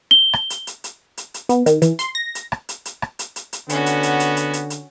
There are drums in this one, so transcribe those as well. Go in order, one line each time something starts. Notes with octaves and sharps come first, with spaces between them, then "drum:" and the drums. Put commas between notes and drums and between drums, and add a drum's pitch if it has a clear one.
G7
drum: rim click
drum: hi-hat
drum: hi-hat
drum: hi-hat
drum: hi-hat
drum: hi-hat
B3, drum: hi-hat
D#3, drum: hi-hat
E3, drum: hi-hat
C6, drum: hi-hat
A#6
drum: hi-hat
drum: rim click
drum: hi-hat
drum: hi-hat
drum: rim click
drum: hi-hat
drum: hi-hat
drum: hi-hat
D3 B3 C#4 F#4, drum: hi-hat
drum: hi-hat
drum: hi-hat
drum: hi-hat
drum: hi-hat
drum: hi-hat
drum: hi-hat